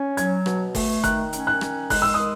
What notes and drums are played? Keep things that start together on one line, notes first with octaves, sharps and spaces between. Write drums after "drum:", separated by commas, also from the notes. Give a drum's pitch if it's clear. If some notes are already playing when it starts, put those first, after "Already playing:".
Already playing: C#4
F#3 G#6, drum: hi-hat
B2, drum: rim click
A3, drum: kick, open hi-hat
D#3 F#6, drum: kick, hi-hat
C#4, drum: hi-hat
F#6
D#3, drum: rim click
G#3 F#6, drum: kick, open hi-hat
E6
D#3 D#6